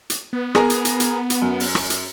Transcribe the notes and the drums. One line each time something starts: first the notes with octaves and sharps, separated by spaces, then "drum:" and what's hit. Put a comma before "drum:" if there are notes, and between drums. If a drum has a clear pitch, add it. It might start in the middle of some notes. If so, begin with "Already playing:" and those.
drum: hi-hat
B3
G#4 A#4 A#5, drum: rim click
drum: hi-hat
drum: hi-hat
drum: hi-hat
drum: hi-hat
F#2
drum: open hi-hat
drum: rim click
drum: hi-hat